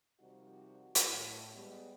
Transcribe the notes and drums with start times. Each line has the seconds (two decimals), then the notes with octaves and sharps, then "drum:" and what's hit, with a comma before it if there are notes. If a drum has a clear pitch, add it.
0.20 C3 D#3 F3 G3 D#4 F#4
0.95 drum: hi-hat
1.08 A2
1.54 G3 G#3 B3